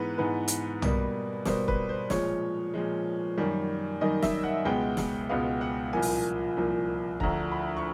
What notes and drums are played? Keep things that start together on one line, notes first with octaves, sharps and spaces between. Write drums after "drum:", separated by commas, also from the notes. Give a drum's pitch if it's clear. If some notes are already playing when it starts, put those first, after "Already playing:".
Already playing: G#2 E3 G#3 B3 B4
G#2 E3 G#3 B3 B4
drum: hi-hat
B2 G3 A#3, drum: tom
B2 G3 A#3 C5, drum: snare
B4, drum: kick
C5
A#2 F3 G#3 C#5, drum: snare
A#2 F3 G#3
F#2 D#3 G3 A#3
F#2 D#3 G3 A#3 D#5
E5, drum: snare
F#5
C#2 B2 G#3 B3 G5
F#5, drum: snare
C#2 B2 G#3 B3 F5
F#5
C2 A#2 F3 A#3 G#5
drum: open hi-hat
C2 A#2 F3 A#3
D2 D3 F3 A#5, drum: kick
B5
C#6